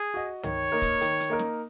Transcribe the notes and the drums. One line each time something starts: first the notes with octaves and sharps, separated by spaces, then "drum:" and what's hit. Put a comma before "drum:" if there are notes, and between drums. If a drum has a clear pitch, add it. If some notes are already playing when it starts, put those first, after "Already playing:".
Already playing: G#4
F#4 D#5
D#3 C#5, drum: tom
A#3 D#4 A#4
drum: kick, hi-hat
D#3, drum: hi-hat
drum: hi-hat
A#3 D#4 A#4
drum: snare